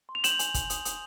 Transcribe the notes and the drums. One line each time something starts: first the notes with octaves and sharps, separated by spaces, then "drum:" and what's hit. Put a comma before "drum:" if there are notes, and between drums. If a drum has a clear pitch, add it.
C6
F7
G6 E7 F#7, drum: hi-hat
G#5, drum: hi-hat
G#5, drum: kick, hi-hat
D#6, drum: hi-hat
D#6, drum: hi-hat